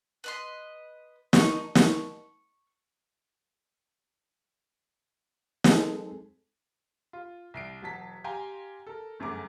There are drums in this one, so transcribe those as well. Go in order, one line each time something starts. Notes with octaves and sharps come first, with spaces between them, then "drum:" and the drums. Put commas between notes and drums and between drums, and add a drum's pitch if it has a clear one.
B4 D#5 C6
D#4 D#5 C#6, drum: snare
C#6, drum: snare
F#3 G#3 C4 D#4 G#4 A4, drum: snare
F4
C2 C7 D7
E1 F#3 A5 B6
G4 F5 G5 G#5 A#5 C6
A4 A#4
G1 F#2 A3 G#4 A#5 D6